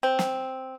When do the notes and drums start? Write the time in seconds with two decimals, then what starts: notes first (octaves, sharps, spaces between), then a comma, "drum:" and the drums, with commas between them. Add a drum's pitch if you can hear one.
0.03 C4
0.19 drum: snare